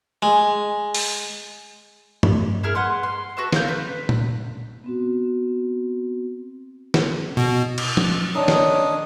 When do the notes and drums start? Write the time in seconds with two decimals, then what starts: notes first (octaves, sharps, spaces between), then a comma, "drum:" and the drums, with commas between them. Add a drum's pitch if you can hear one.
0.22 G#3
0.94 drum: open hi-hat
2.23 drum: tom G2
2.63 E4 G#4 A#4 F6
2.75 B4 F#5 C6 F#6
3.03 C6
3.37 F#4 B4 E5 A5
3.52 A#3 F4 A#4 G6, drum: snare
3.68 B4
4.09 drum: tom A#2
4.84 B3 C4 F#4
6.94 drum: snare
7.37 B2
7.78 drum: cymbal
7.97 drum: tom F3
8.35 D#3 D4 C#5 D#6
8.48 drum: snare